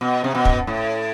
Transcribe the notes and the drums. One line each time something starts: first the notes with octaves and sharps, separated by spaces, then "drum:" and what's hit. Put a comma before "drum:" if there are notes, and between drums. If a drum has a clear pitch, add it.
B2
C3
B2
drum: kick
A2